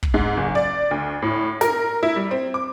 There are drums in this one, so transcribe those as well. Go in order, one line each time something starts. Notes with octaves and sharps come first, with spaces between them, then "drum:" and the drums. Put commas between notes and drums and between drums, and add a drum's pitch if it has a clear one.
drum: kick
G#2
F#1
D5
D2
A2
A#4, drum: snare
E4
G3
C4
D6